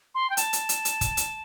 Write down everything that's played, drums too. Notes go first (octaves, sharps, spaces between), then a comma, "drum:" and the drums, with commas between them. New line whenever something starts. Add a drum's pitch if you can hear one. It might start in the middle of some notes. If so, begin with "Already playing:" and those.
C6
G5
A5, drum: hi-hat
drum: hi-hat
drum: hi-hat
drum: hi-hat
drum: kick, hi-hat
drum: hi-hat